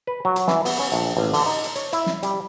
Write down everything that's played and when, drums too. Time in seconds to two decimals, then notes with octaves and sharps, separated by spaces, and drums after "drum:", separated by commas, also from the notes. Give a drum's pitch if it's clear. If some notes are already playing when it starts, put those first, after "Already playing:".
0.07 B4
0.25 F#3
0.36 drum: hi-hat
0.48 E3, drum: snare
0.65 B3, drum: open hi-hat
0.79 C#4
0.92 A#1, drum: hi-hat
1.17 A1
1.34 D3, drum: open hi-hat
1.46 D#4
1.64 drum: hi-hat
1.76 C#5, drum: hi-hat
1.93 E4, drum: hi-hat
2.06 drum: snare
2.23 G3, drum: hi-hat